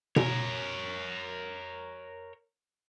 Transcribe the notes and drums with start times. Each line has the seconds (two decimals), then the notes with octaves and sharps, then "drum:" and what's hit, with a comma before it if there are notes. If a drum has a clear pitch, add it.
0.16 A#4 C#5, drum: tom B2